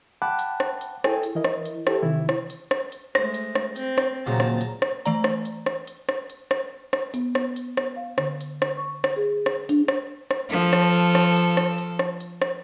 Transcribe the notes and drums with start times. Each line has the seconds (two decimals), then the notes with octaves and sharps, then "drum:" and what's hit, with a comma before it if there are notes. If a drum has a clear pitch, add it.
0.22 F#5 G5 A5 B5 D6 F#6
0.39 drum: hi-hat
0.60 drum: rim click
0.81 drum: hi-hat
1.04 E4 G#4 A4 G5 G#5, drum: rim click
1.23 drum: hi-hat
1.35 E3 E4 A#4 D#5
1.44 drum: rim click
1.66 drum: hi-hat
1.87 E4 G4 A4, drum: rim click
2.03 C3 D#3 E3 E4
2.29 drum: rim click
2.50 drum: hi-hat
2.71 drum: rim click
2.92 drum: hi-hat
3.15 G#3 A3 C5 A#6, drum: rim click
3.34 drum: hi-hat
3.55 drum: rim click
3.76 C4, drum: hi-hat
3.98 drum: rim click
4.26 D#2 A#2 C#3 F#3 C4 C5 A5 A#5
4.40 drum: rim click
4.61 drum: hi-hat
4.82 drum: rim click
5.06 E3 A3 D5 A#5, drum: hi-hat
5.24 drum: rim click
5.45 drum: hi-hat
5.66 drum: rim click
5.87 drum: hi-hat
6.09 drum: rim click
6.30 drum: hi-hat
6.51 drum: rim click
6.93 drum: rim click
7.14 B3, drum: hi-hat
7.35 drum: rim click
7.56 drum: hi-hat
7.77 drum: rim click
7.96 F5
8.18 D3, drum: rim click
8.41 drum: hi-hat
8.62 drum: rim click
8.77 C#6
9.04 drum: rim click
9.16 G#4
9.46 drum: rim click
9.69 D4, drum: hi-hat
9.88 drum: rim click
10.31 drum: rim click
10.50 F3 A4, drum: hi-hat
10.73 drum: rim click
10.94 drum: hi-hat
11.15 drum: rim click
11.36 drum: hi-hat
11.57 drum: rim click
11.78 drum: hi-hat
11.99 drum: rim click
12.20 drum: hi-hat
12.42 drum: rim click